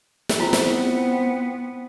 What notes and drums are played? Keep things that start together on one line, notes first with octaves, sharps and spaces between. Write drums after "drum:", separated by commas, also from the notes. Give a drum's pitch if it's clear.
drum: snare
B3 C4 E4 F4
drum: snare